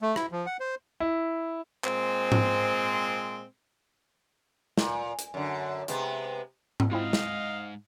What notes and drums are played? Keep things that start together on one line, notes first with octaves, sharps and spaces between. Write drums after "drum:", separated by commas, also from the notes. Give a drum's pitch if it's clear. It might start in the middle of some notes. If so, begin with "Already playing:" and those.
A3
E4, drum: rim click
F3
F#5
C5
E4
A#2 G#3 C4, drum: clap
drum: tom G#2
A#2, drum: snare
drum: hi-hat
F#2 D3
C3 G#3 B3, drum: hi-hat
drum: tom G#2
G#2 C4 E4 F4 D#5 F5
drum: snare